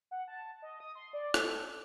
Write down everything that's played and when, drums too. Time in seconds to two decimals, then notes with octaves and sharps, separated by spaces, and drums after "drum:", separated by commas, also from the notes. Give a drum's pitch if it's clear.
0.11 F#5
0.28 A5
0.62 D#5
0.80 D#6
0.95 C6
1.13 D5
1.34 A4, drum: rim click